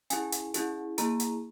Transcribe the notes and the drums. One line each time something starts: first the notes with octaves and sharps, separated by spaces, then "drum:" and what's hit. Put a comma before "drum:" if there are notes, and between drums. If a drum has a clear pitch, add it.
C#4 E4 G#4 G#5, drum: hi-hat
drum: hi-hat
C#4 E4 G#4, drum: hi-hat
A#3 E4 G#4 A#5, drum: hi-hat
drum: hi-hat